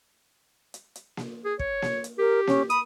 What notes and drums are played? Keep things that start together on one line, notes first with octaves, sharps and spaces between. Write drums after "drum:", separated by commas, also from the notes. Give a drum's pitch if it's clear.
drum: hi-hat
drum: hi-hat
drum: snare A#3
G#4
C#5, drum: kick
drum: snare A#3
drum: hi-hat
G4 A#4
C#4, drum: snare A#3
B5 D#6, drum: hi-hat